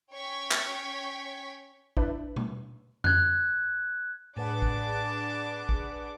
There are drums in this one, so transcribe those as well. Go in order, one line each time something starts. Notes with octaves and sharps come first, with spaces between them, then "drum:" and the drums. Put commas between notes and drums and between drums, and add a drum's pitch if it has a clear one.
C#4 C#5 G5 C#6 G#6 B6
drum: clap
D4 E4 B4, drum: kick A1
drum: tom B2
F#6 G#6, drum: tom F2
A2 D4 G#4 B4 F#5 A5 D6
drum: kick A1
drum: kick A1